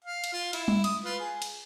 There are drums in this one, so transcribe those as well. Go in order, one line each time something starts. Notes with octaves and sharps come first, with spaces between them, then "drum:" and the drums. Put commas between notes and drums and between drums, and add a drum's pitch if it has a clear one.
F5
drum: cymbal
F4
E4, drum: cymbal
drum: tom G3
D#6, drum: cymbal
F4 B4
G#4
drum: cymbal